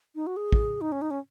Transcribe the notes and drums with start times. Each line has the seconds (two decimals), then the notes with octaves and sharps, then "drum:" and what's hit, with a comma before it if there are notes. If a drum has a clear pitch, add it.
0.15 D#4
0.27 F#4
0.37 G#4
0.52 drum: kick
0.81 D#4
0.92 C#4
1.02 D#4
1.11 C#4